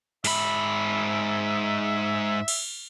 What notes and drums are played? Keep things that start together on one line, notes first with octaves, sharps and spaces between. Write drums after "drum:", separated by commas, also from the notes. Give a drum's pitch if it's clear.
G#2 E5 B5, drum: open hi-hat
drum: cymbal